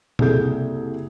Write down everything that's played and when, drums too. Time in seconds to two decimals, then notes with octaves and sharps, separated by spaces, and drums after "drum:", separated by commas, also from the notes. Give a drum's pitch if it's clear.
0.19 F#1 C2 G#4 A4 G6, drum: tom B2